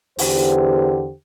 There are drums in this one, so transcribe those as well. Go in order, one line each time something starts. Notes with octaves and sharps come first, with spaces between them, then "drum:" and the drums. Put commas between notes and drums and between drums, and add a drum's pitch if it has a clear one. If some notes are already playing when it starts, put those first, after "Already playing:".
E2 D3 G4 C5, drum: open hi-hat